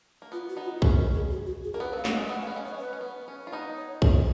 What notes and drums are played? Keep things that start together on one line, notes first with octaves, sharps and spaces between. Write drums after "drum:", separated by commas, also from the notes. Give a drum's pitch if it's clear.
A#3
B3 F4
F#4
B3 D#4
F4
C#4 F#4, drum: kick B1
A#4
G#4
F#4
F#4
G#4
A#3 A#4
B3 B4
F#3
F5
F#3, drum: snare
D#5
G#3
B3 F#5
C#4
F5
B3
D#5
C#4
B3 C#5
C#4
B3 B4
C#4
B3
C#4
F4
B3 D#4
C#5
C#5, drum: kick B1